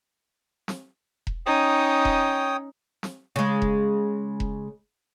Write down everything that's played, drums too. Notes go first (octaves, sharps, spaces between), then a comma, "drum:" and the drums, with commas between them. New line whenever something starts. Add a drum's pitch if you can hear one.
drum: snare
drum: kick E1
C#4 D#4 C#5 G5 D#6
drum: kick E1
drum: snare
C#3 G#3
drum: kick E1
drum: kick E1